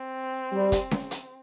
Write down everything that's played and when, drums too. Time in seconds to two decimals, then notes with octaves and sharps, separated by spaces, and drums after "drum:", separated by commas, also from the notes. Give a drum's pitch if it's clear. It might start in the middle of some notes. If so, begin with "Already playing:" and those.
Already playing: C4
0.53 G3
0.72 drum: kick, hi-hat
0.91 drum: snare C#4
1.11 drum: hi-hat